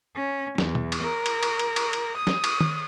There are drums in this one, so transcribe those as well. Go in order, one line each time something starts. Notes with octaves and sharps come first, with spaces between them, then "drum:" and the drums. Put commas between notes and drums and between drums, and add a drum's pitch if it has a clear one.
C#4
E2, drum: snare
drum: tom B2
drum: cymbal
A#4
drum: cymbal
drum: cymbal
drum: cymbal
drum: cymbal
drum: cymbal
D#6
drum: snare
drum: cymbal
drum: tom